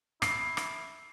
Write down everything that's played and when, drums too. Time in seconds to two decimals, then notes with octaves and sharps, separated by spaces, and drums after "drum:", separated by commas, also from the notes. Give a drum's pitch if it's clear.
0.22 E4 C7, drum: rim click
0.57 drum: rim click